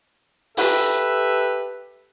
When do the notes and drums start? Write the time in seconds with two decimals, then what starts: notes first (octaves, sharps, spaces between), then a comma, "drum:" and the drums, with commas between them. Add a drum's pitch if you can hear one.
0.57 G4 A4 B4 E5, drum: open hi-hat